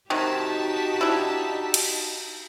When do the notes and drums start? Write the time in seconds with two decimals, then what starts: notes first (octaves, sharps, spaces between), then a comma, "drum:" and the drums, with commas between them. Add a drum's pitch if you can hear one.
0.10 C3 D#3 F#3 D#4 F#4 G4 A5 B6
1.01 D4 E4
1.74 drum: cymbal